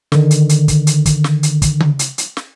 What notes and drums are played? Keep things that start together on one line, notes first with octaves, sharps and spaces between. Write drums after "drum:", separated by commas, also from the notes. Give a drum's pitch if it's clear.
D3 D#3, drum: snare
drum: hi-hat
drum: hi-hat
drum: kick, hi-hat
drum: hi-hat
drum: kick, hi-hat
drum: snare
drum: hi-hat
drum: kick, hi-hat
drum: tom C#3
drum: hi-hat
drum: hi-hat
drum: snare